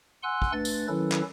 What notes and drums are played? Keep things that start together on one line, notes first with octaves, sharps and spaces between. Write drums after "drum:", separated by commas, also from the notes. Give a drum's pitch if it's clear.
F#5 G#5 C6 E6 F#6
drum: kick
A3 D4 B4 A6
drum: tambourine
D#3 F#3 C#4 E4 A4 B4
drum: clap